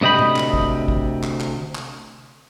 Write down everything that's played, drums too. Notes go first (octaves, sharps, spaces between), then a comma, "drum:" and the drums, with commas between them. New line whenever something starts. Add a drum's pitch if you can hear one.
D2 C3 D#5 G5 B5
drum: tom A2
drum: clap
drum: kick
drum: kick
drum: clap
drum: clap
drum: clap